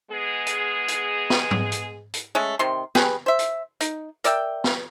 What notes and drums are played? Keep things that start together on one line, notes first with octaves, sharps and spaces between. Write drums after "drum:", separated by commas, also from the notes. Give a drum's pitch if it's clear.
G#3 B3 G#4
drum: hi-hat
drum: hi-hat
drum: snare
drum: tom G#2
drum: hi-hat
drum: hi-hat
G#3 A3 C#4
C3 D#3 C6
G4 G#4 B4, drum: snare
C5 E5
drum: hi-hat
D#4, drum: hi-hat
A#4 D5 E5 G5, drum: hi-hat
drum: snare